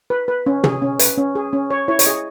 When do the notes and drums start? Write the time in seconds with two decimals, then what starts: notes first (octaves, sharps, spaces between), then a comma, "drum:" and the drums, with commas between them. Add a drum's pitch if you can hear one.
0.10 B4
0.28 B4
0.46 C#4
0.64 G#4, drum: tom
0.82 C#4
0.99 B4, drum: hi-hat
1.18 C#4
1.35 G#4
1.53 C#4
1.71 C#5
1.88 E4 C#5
1.99 C#5, drum: hi-hat
2.06 G#4 D#5